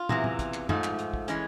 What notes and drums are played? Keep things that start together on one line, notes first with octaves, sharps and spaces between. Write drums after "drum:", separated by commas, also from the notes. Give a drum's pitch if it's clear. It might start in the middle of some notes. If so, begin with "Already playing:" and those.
Already playing: F4
E2 C3 E3, drum: tom
drum: tom
drum: kick, hi-hat
drum: clap
G#2 F3 A3, drum: tom
drum: clap
drum: hi-hat
drum: kick
E3 G#3 C#4, drum: hi-hat